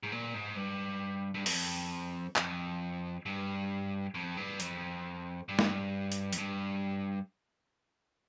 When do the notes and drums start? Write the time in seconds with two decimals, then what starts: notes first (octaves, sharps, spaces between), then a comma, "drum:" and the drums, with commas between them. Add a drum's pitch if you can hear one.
0.03 G#2
0.12 A#2
0.34 G#2
0.56 G2
1.34 G2
1.46 F2, drum: open hi-hat
2.36 F2, drum: clap
3.26 G2
4.14 F2
4.37 G2
4.60 F2, drum: hi-hat
5.49 G2
5.59 drum: snare
6.12 drum: hi-hat
6.33 F2, drum: hi-hat
6.38 G2